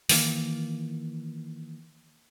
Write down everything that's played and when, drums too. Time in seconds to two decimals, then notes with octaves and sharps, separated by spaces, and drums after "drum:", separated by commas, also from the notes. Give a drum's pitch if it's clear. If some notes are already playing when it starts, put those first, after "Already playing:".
0.09 D#3 E3 G3 A#3, drum: open hi-hat